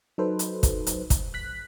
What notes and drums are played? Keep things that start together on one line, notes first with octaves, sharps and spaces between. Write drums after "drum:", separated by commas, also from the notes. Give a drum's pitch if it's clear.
F#3 D#4 A4 B4 C5
drum: hi-hat
drum: kick, hi-hat
drum: hi-hat
drum: kick, hi-hat
F#6 B6